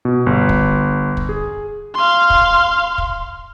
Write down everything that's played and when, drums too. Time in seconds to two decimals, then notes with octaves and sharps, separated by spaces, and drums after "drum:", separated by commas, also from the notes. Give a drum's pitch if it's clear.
0.05 B2
0.26 G1
0.49 drum: kick
1.17 drum: kick
1.29 G#4
1.94 F5 C6
2.30 drum: kick
2.98 drum: kick